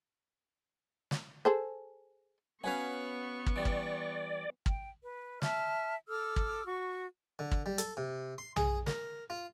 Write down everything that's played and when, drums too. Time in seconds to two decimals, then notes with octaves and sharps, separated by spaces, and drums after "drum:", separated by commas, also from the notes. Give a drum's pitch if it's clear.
1.11 drum: snare
1.45 G#4 A4 C5
2.64 B3 C#4 F#4 B4 C#5 F5 G#5 C#6
3.46 drum: kick
3.56 E3 G3 D5
3.65 drum: kick
4.66 G5, drum: kick
5.03 B4
5.42 E5 A5 F6, drum: snare
6.08 A4 D6 E6 F6
6.36 drum: kick
6.66 F#4 C#6
7.39 D3
7.51 drum: kick
7.66 G3
7.78 A4, drum: hi-hat
7.97 C3
8.38 C6
8.56 G#4, drum: tom B1
8.87 A#4, drum: snare
9.30 F4